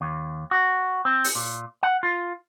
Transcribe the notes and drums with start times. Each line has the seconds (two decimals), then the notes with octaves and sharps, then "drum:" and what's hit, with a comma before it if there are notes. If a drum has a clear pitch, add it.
0.01 D#2
0.51 F#4
1.05 C4
1.24 drum: open hi-hat
1.35 A#2
1.83 F#5
2.03 F4